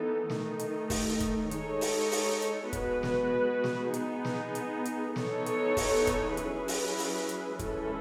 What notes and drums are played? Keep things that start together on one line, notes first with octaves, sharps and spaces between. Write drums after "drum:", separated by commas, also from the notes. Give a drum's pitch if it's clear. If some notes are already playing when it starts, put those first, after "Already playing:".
Already playing: E3 B3 D#4 A4
D#3 A3 D#4, drum: snare
drum: hi-hat
drum: kick, open hi-hat
drum: kick, hi-hat
G#3 D#4 A4 C#5, drum: hi-hat
drum: open hi-hat
drum: open hi-hat
drum: hi-hat
G#3 B3 F#4 B4, drum: kick, hi-hat
drum: snare
drum: snare
B3 D#4 G#4, drum: hi-hat
drum: snare
drum: hi-hat
drum: hi-hat
E3 B3 D#4 A4 C#5, drum: snare
drum: hi-hat
drum: kick, open hi-hat
drum: kick, hi-hat
F#3 C#4 E4 G#4 B4, drum: hi-hat
drum: open hi-hat
drum: open hi-hat
drum: hi-hat
E3 G#3 C#4 E4 A4, drum: kick, hi-hat